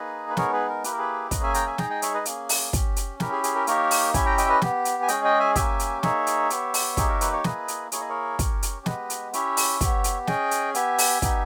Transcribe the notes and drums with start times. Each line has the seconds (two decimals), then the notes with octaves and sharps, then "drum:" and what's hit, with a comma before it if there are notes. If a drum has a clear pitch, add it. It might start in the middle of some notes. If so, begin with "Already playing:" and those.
Already playing: A#3 D#4 G#4 B4 D#5
0.30 B4
0.37 G#3 B3 D#4 G#4 A#4 C#5, drum: snare
0.53 G#4 B4
0.69 A#4
0.84 A#3 E4 G4 B4, drum: hi-hat
0.91 A#4
0.98 G#4 B4
1.31 A#3 C#4 G#4 B4 D#5, drum: kick, hi-hat
1.43 E5 G#5
1.54 G5 A#5, drum: hi-hat
1.66 E5 G#5
1.78 G#3 D#4 G#4 G5 A#5, drum: snare
1.90 D#5 G5
2.02 C#5 E5, drum: hi-hat
2.14 B4 D#5
2.25 A#3 C#4 G#4, drum: hi-hat
2.49 drum: open hi-hat
2.73 C#4 G4, drum: kick, hi-hat
2.96 drum: hi-hat
3.20 C#4 E4 G4 A#4, drum: snare
3.32 G#4
3.44 G#4, drum: hi-hat
3.55 A#4
3.67 A#3 D#4 G4 A#4 C#5, drum: hi-hat
3.91 drum: open hi-hat
4.14 C#4 E4 G4 E5 G#5, drum: kick, hi-hat
4.26 G5 A#5
4.38 D#5 G5, drum: hi-hat
4.44 E5
4.49 B4 D#5
4.62 B3 G4, drum: snare
4.85 drum: hi-hat
5.02 G#5
5.08 G#3 C#4 G#4 D#5 G5, drum: hi-hat
5.24 D#5 G5
5.40 E5 G#5
5.56 A#3 C#4 G4 E5 G#5, drum: kick, hi-hat
5.79 drum: hi-hat
6.03 A#3 D#4 G#4 C#5 E5, drum: snare
6.27 drum: hi-hat
6.50 B3 G4, drum: hi-hat
6.74 drum: open hi-hat
6.97 A#3 D#4 G4 G#4, drum: kick, hi-hat
7.09 A#4
7.21 B4, drum: hi-hat
7.33 C#5
7.44 A#3 E4 G#4 B4 D#5, drum: snare
7.68 drum: hi-hat
7.92 A#3 E4 G#4 C#5, drum: hi-hat
8.01 D#5
8.09 A#4 C#5
8.39 C#4 G4, drum: kick, hi-hat
8.63 drum: hi-hat
8.86 G#3 B3 G4 B4 D#5, drum: snare
9.10 drum: hi-hat
9.33 C#4 E4 G4 C#5 E5, drum: hi-hat
9.57 drum: open hi-hat
9.81 B3 G4, drum: kick, hi-hat
10.04 drum: hi-hat
10.27 C#4 G#4 D#5 G5, drum: snare
10.51 drum: hi-hat
10.75 B3 G4 E5 G#5, drum: hi-hat
10.98 drum: open hi-hat
11.22 B3 D#4 G4, drum: kick, hi-hat